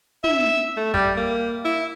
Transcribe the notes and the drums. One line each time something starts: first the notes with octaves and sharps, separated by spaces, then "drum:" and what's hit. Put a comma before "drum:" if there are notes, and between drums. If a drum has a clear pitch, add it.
E5, drum: tom
A3
G3, drum: kick
A#3
E4